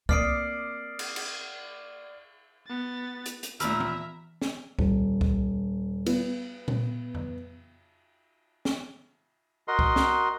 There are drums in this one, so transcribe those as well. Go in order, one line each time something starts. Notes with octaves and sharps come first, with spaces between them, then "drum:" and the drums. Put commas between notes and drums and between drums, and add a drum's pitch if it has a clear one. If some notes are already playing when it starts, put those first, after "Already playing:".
A#3 C4 D5 D6 D#6 F6 C7 D7, drum: kick C2
drum: cymbal
drum: cymbal
B3 A6
drum: hi-hat
drum: hi-hat
D#2 A#2 E5 A#5 B5 E6 F6, drum: hi-hat
drum: tom E3
drum: snare
D#1, drum: kick C2
drum: kick C2
B3, drum: cymbal
drum: tom A#2
drum: tom F2
drum: snare
F#4 A#4 D#5 C6
drum: kick C2
drum: snare